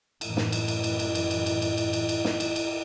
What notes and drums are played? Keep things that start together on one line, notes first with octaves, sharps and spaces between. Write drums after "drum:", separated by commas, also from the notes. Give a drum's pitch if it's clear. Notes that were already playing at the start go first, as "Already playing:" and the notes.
F#2 A2 E3, drum: cymbal
drum: snare
drum: cymbal
drum: cymbal
drum: cymbal
drum: cymbal
drum: cymbal
drum: cymbal
drum: cymbal
drum: cymbal
drum: cymbal
drum: cymbal
drum: cymbal
drum: snare
drum: cymbal
drum: cymbal